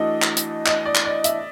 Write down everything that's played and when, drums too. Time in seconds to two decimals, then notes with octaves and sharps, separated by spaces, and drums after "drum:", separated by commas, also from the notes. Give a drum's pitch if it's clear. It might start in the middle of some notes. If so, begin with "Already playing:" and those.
Already playing: E3 A3 D4 F#4 A4 D#5
0.22 drum: clap
0.37 drum: hi-hat
0.66 D#5, drum: clap
0.85 D5
0.95 drum: clap
1.05 D5
1.24 E5, drum: hi-hat